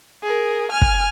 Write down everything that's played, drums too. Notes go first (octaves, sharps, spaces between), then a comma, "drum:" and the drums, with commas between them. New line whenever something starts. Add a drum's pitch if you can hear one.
G#4 A#4
G#5 F6
drum: kick